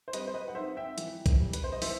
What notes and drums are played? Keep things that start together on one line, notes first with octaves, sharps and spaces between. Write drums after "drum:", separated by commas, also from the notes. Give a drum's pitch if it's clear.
C5
G3 B4 D#5, drum: hi-hat
C5
B4 D#5
F#5
D#4 C5 E5
E5 G5
E3, drum: hi-hat
drum: kick B1, hi-hat
G3
B4, drum: hi-hat
C5
D#5
E3 C5 E5, drum: open hi-hat